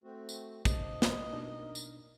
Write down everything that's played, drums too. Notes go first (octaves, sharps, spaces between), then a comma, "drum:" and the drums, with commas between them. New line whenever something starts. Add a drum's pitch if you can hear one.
A3 C4 F#4
drum: tambourine
C3 F3 D4 D#5, drum: kick, tambourine
drum: snare
B2 D4 D#4 A#4
drum: tambourine